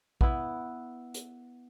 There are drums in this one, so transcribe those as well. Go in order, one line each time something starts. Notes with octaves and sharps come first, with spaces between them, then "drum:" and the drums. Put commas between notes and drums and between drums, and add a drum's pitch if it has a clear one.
B3 E4, drum: kick
drum: hi-hat